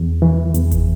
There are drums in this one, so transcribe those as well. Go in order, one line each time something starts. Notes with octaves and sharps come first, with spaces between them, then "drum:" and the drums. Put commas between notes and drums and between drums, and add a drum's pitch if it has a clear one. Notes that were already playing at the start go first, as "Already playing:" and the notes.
Already playing: E2
E3
E2, drum: hi-hat
drum: kick F#1, hi-hat